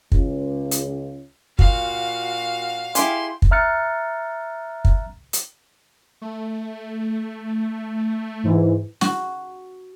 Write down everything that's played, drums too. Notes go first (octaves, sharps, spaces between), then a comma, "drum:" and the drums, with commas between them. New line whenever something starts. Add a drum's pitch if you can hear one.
C#2, drum: kick
drum: hi-hat
A#2 F#4 F5, drum: kick
E4 G4 G#4 C6, drum: hi-hat
drum: kick
E5 A#5 F6 F#6 A6 C#7
drum: kick
drum: hi-hat
A3
G#2 E3
F#4, drum: snare